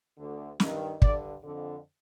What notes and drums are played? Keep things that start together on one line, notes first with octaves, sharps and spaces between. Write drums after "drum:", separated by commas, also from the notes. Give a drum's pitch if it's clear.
D2 D3
G2 D#3, drum: snare
G2 D3 D5, drum: kick
F2 D3